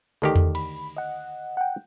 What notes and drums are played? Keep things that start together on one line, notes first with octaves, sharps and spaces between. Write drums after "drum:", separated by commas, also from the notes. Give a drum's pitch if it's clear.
D2 D#3 G4 A4
drum: tom E2
B5, drum: cymbal
D#5 F#5
F#5 G5